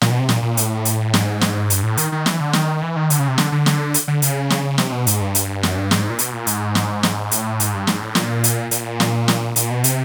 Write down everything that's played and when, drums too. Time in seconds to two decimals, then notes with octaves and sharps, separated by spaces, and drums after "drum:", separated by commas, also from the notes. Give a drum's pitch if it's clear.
0.02 A#2, drum: snare
0.10 B2
0.19 C3
0.29 A#2, drum: snare
0.42 A#2
0.57 A2, drum: hi-hat
0.85 drum: hi-hat
1.14 G#2, drum: snare
1.41 drum: snare
1.70 G2, drum: hi-hat
1.83 A2
1.97 D#3, drum: hi-hat
2.12 D#3
2.26 E3, drum: snare
2.40 D3
2.53 D#3, drum: snare
2.82 E3
2.96 D#3
3.10 D3, drum: hi-hat
3.19 C#3
3.28 C3
3.38 D3, drum: snare
3.52 D3
3.66 drum: snare
3.94 drum: hi-hat
4.08 D3
4.22 C#3, drum: hi-hat
4.50 drum: snare
4.78 C3, drum: snare
4.92 B2
5.07 G#2, drum: hi-hat
5.21 G2
5.35 drum: hi-hat
5.63 F#2, drum: snare
5.77 G2
5.91 G#2, drum: snare
6.10 A#2
6.19 B2, drum: hi-hat
6.33 A#2
6.47 G#2, drum: hi-hat
6.75 drum: snare
7.03 drum: snare
7.31 A2, drum: hi-hat
7.60 G#2, drum: hi-hat
7.74 G2
7.87 G#2, drum: snare
8.02 A2
8.15 A#2, drum: snare
8.44 drum: hi-hat
8.71 A#2, drum: hi-hat
9.00 drum: snare
9.28 drum: snare
9.56 A#2, drum: hi-hat
9.71 B2
9.84 C3, drum: hi-hat